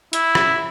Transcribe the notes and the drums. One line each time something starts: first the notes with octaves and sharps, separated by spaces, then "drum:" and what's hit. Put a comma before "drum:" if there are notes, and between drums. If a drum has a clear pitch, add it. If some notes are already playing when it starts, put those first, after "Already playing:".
E4, drum: hi-hat
drum: rim click